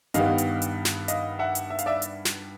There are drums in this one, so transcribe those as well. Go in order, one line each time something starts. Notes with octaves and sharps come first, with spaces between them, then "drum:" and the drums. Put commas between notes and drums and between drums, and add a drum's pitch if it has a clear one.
G2 D#3 G3 B3 D#5 F5, drum: hi-hat
drum: hi-hat
drum: hi-hat
drum: snare
D#5 F5, drum: hi-hat
E5 F#5
drum: hi-hat
E5
F5, drum: hi-hat
D5 E5
drum: hi-hat
drum: snare